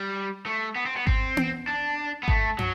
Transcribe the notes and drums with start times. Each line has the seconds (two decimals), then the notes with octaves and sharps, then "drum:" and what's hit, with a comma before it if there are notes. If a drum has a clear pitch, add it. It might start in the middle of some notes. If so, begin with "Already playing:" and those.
Already playing: G3
0.46 A3
0.76 B3
0.86 C4
0.96 B3
1.07 C4, drum: kick G#1
1.37 drum: tom B3
1.67 D4
2.23 B3
2.28 A3, drum: kick G#1
2.59 F#3, drum: tom